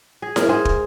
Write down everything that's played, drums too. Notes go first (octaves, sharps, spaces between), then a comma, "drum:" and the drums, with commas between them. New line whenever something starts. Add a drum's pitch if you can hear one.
G#4
A#4, drum: snare E4
G#2 G#4 C5
drum: kick